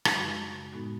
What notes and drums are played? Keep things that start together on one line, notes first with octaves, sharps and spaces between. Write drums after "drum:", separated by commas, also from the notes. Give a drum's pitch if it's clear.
drum: rim click
F#2 C#3 G#3 D#4 F#4
A2 G#3 B3 D#4 F#4